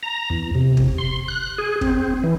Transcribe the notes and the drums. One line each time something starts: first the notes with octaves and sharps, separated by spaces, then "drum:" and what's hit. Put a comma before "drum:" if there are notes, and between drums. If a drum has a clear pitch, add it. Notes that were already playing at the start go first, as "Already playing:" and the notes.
A#5
E2
C3
drum: kick
C6
F#6
G#4
C4, drum: kick
E3